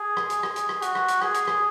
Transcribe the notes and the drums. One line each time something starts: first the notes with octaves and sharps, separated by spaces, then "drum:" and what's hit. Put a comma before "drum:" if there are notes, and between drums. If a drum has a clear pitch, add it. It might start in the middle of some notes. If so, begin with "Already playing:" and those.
Already playing: G#4
drum: rim click
drum: hi-hat
G#4, drum: rim click
drum: hi-hat
drum: rim click
F#4, drum: hi-hat
drum: rim click
drum: hi-hat
G#4, drum: rim click
drum: hi-hat
drum: rim click